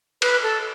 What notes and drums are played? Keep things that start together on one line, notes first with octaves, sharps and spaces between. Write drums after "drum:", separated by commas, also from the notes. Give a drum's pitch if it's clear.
B4, drum: cymbal
A4